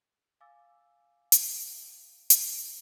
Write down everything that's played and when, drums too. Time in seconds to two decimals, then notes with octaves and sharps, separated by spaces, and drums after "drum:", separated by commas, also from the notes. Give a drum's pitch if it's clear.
0.41 F5 G#5 D6 E6 A6
1.32 drum: hi-hat
2.30 drum: hi-hat